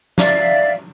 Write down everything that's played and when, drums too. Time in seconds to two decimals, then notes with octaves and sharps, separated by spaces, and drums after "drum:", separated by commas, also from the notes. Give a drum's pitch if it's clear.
0.18 D5 E5 F5, drum: snare